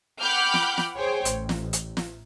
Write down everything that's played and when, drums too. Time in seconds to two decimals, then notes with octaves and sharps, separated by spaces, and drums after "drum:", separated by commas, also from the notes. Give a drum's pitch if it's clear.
0.21 F#5 G5 B5 D6 F6 G6
0.54 drum: snare
0.78 drum: snare
0.96 G#4 C5 C#5 G5
1.25 A1, drum: hi-hat
1.49 drum: snare
1.73 drum: hi-hat
1.97 drum: snare